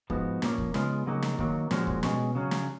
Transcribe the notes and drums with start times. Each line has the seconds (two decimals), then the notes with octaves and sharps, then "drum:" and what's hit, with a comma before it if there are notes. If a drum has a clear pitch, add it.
0.10 G#2 F3 B3 D#4 F#4, drum: kick
0.42 A#2 F3 A#3 C#4, drum: snare
0.58 drum: kick
0.74 C#3 G#3 B3 F4, drum: snare
1.07 C#3 F#3 A#3 D#4 F#4
1.22 drum: snare
1.39 D#3 F#3 A#3, drum: kick
1.71 A#2 F3 G#3 C#4 F#4, drum: snare
1.87 drum: kick
2.03 B2 G#3 C#4 F#4, drum: snare
2.35 C#3 F#3 C#4
2.51 drum: snare